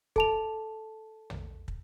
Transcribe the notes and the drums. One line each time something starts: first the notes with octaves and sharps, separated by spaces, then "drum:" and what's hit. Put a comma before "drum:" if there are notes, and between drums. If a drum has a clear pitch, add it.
A4 A5 F7, drum: kick
drum: tom
drum: kick